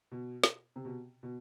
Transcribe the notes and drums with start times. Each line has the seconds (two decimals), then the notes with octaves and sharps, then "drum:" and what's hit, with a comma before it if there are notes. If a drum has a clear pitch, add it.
0.11 B2
0.44 drum: snare
0.76 C3
0.85 B2
1.23 B2